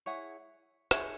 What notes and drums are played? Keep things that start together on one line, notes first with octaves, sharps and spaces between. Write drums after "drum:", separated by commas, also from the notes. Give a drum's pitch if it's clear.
E4 G#4 C#5 F#5
D#4 G#4 C#5 E5, drum: rim click